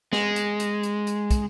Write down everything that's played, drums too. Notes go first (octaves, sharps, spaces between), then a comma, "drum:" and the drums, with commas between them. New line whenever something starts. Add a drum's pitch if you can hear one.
G#3, drum: snare
drum: hi-hat
drum: hi-hat
drum: hi-hat
drum: hi-hat
drum: kick, hi-hat